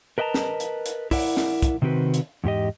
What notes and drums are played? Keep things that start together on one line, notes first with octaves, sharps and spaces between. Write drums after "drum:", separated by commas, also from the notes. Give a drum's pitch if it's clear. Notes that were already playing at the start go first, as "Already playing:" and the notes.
A#4 B4 D#5 F#5 A5 A#5
drum: snare
drum: hi-hat
drum: hi-hat
E4 A#4 D5 F#5, drum: kick, open hi-hat
drum: snare
drum: kick, hi-hat
C3 D#3 C4 F#4 B4
drum: hi-hat
E2 G#2 G4 D#5